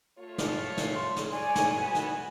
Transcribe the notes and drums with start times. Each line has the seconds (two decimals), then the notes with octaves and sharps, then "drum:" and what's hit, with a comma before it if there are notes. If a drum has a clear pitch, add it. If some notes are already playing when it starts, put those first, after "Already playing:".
0.19 A3 F4 C#5
0.38 drum: snare
0.77 drum: snare
0.95 C6
1.16 drum: snare
1.32 C#5 D5 G#5
1.55 drum: snare
1.77 B3 F#4
1.94 drum: snare